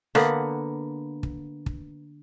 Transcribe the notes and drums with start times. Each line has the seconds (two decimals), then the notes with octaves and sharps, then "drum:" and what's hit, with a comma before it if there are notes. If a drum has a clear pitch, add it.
0.15 D3 A#3 B3 F#5, drum: rim click
1.23 drum: kick
1.66 drum: kick